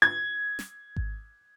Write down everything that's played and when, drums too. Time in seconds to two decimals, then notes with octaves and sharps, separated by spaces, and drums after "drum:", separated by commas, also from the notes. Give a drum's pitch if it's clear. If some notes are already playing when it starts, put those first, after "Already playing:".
0.02 G#6
0.59 drum: snare
0.96 drum: kick G#1